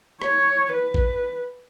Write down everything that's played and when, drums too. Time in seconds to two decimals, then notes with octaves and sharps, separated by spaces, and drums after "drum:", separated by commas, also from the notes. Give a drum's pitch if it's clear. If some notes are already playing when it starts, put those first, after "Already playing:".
0.22 C#5, drum: rim click
0.72 B4
0.94 drum: kick A1